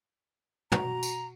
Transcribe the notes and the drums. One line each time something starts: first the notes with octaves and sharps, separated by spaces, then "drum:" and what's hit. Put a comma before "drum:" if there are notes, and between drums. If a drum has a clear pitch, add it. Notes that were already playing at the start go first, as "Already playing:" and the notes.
F#4 A#5, drum: tom
drum: tambourine